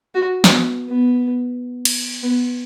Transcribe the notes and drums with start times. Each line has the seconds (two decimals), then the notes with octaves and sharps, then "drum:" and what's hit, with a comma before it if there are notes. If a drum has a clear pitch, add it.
0.15 F#4
0.44 B3, drum: snare
0.89 B3
1.85 drum: cymbal
2.23 B3